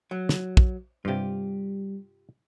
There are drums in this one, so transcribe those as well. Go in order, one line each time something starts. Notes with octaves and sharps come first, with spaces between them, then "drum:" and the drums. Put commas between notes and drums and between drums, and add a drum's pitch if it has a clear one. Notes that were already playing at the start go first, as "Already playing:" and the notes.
F#3
drum: snare
drum: kick
G2 C3 G3 F4 G4